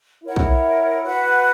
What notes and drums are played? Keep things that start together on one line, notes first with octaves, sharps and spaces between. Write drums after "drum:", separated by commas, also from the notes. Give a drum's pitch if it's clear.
E4 A#4 C#5 F#5
drum: kick
F#4 B4 F#5